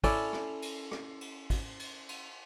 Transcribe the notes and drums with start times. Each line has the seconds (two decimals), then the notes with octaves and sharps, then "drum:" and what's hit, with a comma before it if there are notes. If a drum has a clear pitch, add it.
0.04 C#4 E4 A4 D5, drum: kick, cymbal
0.33 drum: rim click
0.62 drum: cymbal
0.91 drum: rim click
1.21 drum: cymbal
1.50 drum: kick, cymbal
1.79 drum: cymbal
2.09 drum: cymbal